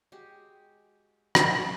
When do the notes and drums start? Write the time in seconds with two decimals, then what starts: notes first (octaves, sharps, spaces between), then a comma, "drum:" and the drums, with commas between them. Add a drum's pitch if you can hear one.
0.12 G#3 F#4 G4
1.35 drum: rim click